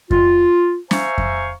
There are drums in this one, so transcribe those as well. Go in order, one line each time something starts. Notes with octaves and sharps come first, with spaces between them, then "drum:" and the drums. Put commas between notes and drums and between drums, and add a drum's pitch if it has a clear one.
F4, drum: kick F2
C5 E5 F5 G#5 A#5 C#6, drum: snare
drum: kick F2